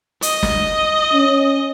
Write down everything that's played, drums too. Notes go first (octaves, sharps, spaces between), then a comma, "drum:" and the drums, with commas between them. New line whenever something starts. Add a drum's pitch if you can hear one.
D#5, drum: hi-hat
drum: snare
C#4